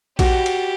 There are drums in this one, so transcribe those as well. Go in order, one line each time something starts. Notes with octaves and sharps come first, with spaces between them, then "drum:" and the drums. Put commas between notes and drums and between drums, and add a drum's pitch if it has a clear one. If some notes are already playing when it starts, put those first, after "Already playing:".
F#4 G4, drum: kick A#1, cymbal
drum: cymbal